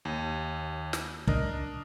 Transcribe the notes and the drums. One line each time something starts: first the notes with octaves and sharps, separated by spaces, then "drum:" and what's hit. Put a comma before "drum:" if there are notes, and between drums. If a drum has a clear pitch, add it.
D#2
drum: snare
D4 A#4 D#5, drum: kick